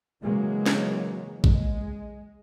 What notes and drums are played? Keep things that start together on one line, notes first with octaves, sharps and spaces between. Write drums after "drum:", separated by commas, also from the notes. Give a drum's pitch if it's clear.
C#3 E3 F#3 G#3 A#3
drum: snare
G#3, drum: kick A1